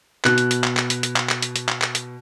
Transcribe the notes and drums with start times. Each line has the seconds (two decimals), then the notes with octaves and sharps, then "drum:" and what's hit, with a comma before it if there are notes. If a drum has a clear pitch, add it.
0.25 B2 F#6, drum: clap
0.38 drum: hi-hat
0.51 drum: hi-hat
0.64 drum: clap
0.77 drum: clap
0.90 drum: hi-hat
1.03 drum: hi-hat
1.16 drum: clap
1.29 drum: clap
1.43 drum: hi-hat
1.56 drum: hi-hat
1.69 drum: clap
1.82 drum: clap
1.95 drum: hi-hat